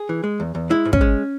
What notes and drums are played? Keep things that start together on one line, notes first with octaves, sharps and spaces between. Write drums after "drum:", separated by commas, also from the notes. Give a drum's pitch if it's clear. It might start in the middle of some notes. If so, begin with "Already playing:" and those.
Already playing: G#4
E3
G#3
E2
E2
G#3 E4
G#2
C#4, drum: kick
G#3